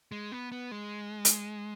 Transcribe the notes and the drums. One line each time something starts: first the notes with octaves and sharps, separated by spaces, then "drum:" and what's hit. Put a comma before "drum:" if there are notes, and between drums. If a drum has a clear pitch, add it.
G#3
B3
B3
G#3
drum: hi-hat